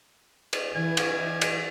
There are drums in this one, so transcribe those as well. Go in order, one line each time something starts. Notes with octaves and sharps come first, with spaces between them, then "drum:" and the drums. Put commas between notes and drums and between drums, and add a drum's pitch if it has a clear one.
drum: cymbal
E3 G#5
drum: cymbal
drum: cymbal